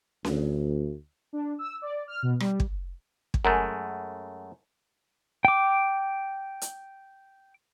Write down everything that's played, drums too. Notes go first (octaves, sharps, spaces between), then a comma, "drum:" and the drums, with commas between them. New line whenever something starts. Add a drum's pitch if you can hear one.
D2, drum: snare C#4
D4
E6
D5
F6
B2
G3, drum: rim click
drum: kick
drum: kick
F#2 G#3 A3 A#4 G#5 A#5
G5 D6
drum: hi-hat